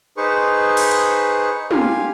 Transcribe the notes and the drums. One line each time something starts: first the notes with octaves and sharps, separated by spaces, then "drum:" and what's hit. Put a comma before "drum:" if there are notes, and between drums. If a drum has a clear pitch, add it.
D#4 G#4 B4 C5 C#6
drum: open hi-hat
drum: cymbal
F4 G4 F5 G#5, drum: tom